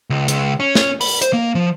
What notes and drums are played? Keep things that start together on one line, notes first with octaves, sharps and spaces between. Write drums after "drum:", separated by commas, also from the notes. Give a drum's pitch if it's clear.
C#2
C#2, drum: hi-hat
C#4
drum: snare
B5, drum: open hi-hat
C5, drum: hi-hat
A#3
F3